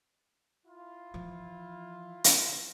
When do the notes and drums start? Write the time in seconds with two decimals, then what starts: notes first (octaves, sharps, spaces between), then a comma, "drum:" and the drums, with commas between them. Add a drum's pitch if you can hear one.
0.66 E4 F4
1.14 E3 F3
2.24 drum: hi-hat